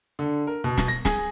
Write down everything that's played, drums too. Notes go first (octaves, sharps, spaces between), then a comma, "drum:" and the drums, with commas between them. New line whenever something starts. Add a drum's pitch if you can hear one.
D3
A#4
B2
drum: snare
A#6
G#4, drum: snare